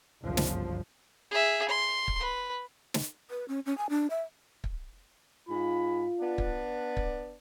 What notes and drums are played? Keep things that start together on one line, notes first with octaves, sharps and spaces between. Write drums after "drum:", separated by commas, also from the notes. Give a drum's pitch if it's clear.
G1 C#2 F#2 D3 F3
drum: snare
G#4 E5
C6
drum: kick
B4
drum: snare
B4
C#4
C#4
G#5
D4
E5
drum: kick
G#2 F4 B5
B3 D4
drum: kick
drum: kick